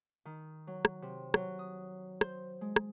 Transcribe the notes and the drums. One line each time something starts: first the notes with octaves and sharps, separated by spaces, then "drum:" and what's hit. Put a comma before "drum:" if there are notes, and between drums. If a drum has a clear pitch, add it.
D#3
F#3
drum: rim click
C3
F#3, drum: rim click
D#6
C5, drum: rim click
G#3
drum: rim click